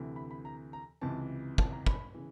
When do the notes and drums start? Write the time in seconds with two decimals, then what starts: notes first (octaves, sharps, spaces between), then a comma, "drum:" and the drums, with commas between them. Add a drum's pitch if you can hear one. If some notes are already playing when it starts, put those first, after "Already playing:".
Already playing: D2 C3 E3
0.16 B5
0.31 B5
0.45 A#5
0.73 A#5
1.01 C#2 C3 E3 A5
1.58 A5, drum: kick
1.72 A#5
1.86 B5, drum: kick
2.14 C#3 E3